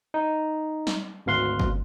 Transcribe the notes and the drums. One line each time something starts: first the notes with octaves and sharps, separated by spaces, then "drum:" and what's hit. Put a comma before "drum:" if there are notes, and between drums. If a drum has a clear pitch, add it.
D#4
drum: snare
G#1 D2 F5 C6 F#6
drum: kick G1